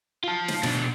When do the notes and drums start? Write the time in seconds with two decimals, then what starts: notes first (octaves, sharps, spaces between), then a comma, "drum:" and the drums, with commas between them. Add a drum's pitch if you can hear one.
0.24 F4 A5
0.48 drum: snare
0.63 B2 D4, drum: snare